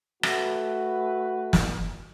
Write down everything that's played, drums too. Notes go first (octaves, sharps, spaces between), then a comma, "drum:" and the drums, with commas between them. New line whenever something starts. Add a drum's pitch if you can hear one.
A3 F#4 B4, drum: rim click
drum: snare